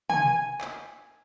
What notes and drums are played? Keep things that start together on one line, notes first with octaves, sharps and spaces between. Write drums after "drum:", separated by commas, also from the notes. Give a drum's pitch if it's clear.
G#5, drum: tom
drum: clap